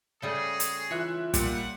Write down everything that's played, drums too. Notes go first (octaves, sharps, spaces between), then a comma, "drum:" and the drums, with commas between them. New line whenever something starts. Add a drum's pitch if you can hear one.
C#3 G3 A3 F#4 G#4 D#6
drum: hi-hat
E3 F4 C#5 E5 F#6
A#2 G3 F#5, drum: kick, hi-hat